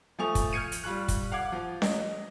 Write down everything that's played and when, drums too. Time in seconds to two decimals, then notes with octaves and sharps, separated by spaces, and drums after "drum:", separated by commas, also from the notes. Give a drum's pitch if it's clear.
0.19 F3 A3 G#5 C#6 D#6 F7
0.35 drum: kick, hi-hat
0.53 F6 G6 G#6 C#7 D#7
0.72 drum: hi-hat
0.84 G3 F4 C#6 F#6
1.08 drum: kick, hi-hat
1.32 F5 F#5 D6 G#6
1.52 F3
1.82 D#5, drum: snare C#4